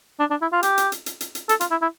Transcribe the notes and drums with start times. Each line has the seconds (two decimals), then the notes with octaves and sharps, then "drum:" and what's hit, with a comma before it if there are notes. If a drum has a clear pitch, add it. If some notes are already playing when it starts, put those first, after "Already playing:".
0.20 D4
0.30 D4
0.42 E4
0.52 F4
0.63 G4, drum: hi-hat
0.78 drum: hi-hat
0.92 drum: hi-hat
1.06 drum: hi-hat
1.21 drum: hi-hat
1.35 drum: hi-hat
1.49 A4, drum: hi-hat
1.61 F4, drum: hi-hat
1.71 E4
1.82 E4